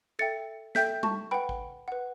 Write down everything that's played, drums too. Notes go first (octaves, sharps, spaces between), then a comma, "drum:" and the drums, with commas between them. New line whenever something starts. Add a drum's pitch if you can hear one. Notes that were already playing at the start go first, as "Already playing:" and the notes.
A4 E5 G5 A6 C#7
A4 E5 G5 G6 B6, drum: snare
A5 C#6, drum: tom G3
B4 F#5 G5 B5
drum: kick
B4 F#5